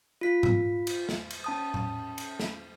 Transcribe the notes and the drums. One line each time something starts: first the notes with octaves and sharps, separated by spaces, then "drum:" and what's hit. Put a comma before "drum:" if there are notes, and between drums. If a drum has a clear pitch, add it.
F4 B6
drum: tom G#2
drum: cymbal
drum: snare
drum: cymbal
C#4 A5 D#6
drum: tom A2
drum: cymbal
drum: snare